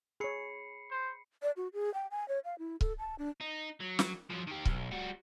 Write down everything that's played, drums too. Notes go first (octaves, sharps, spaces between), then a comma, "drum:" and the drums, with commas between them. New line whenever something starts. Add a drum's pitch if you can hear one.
G#4 C#5 B5 C7 C#7
C5
D5
F#4
G#4
G5
G#5
C#5
F5
E4
A4, drum: kick C#1
A5
D4
D#4
F#3
drum: snare
F3 F#3
D#3 G4
B1, drum: kick C#1
G3 F#4